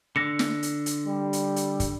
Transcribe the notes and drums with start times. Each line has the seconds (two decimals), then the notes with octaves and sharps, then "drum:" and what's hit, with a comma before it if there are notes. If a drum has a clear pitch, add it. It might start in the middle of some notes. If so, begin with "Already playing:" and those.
0.16 D3 A#6 C#7
0.39 drum: snare
0.63 drum: hi-hat
0.86 drum: hi-hat
1.06 G3
1.33 drum: hi-hat
1.56 drum: hi-hat
1.80 drum: kick, hi-hat